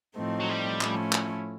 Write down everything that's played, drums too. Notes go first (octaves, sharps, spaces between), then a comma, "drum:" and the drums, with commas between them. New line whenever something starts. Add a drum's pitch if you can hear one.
A2 F3 A3 C4 D#4
F#3
G3
A2 F3 A3 C#4 E4, drum: clap
drum: clap